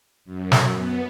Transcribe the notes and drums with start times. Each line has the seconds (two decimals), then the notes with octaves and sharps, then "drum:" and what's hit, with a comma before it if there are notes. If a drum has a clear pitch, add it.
0.25 F#2
0.52 drum: snare
0.73 B3